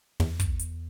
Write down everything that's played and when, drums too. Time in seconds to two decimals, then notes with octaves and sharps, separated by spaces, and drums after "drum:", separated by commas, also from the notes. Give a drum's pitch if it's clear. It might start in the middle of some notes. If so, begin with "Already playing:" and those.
0.20 E2, drum: tom
0.40 drum: kick, hi-hat
0.59 drum: hi-hat